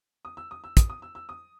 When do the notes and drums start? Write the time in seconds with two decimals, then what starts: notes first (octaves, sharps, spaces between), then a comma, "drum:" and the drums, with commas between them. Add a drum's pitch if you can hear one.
0.25 D#6
0.37 E6
0.51 D#6
0.64 E6
0.77 D#6, drum: kick, hi-hat
0.90 D#6
1.02 E6
1.15 E6
1.29 D#6